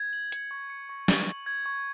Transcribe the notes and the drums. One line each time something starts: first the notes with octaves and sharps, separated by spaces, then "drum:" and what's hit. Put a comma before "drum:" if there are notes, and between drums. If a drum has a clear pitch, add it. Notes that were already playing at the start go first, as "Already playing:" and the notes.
Already playing: G#6
F#7
C#7, drum: hi-hat
C#6
C#7
C#6
C#6, drum: snare
F#7
G#6
C#6